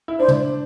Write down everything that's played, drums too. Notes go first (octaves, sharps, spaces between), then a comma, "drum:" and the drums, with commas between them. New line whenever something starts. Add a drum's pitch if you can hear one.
E4
D4 C5
drum: tom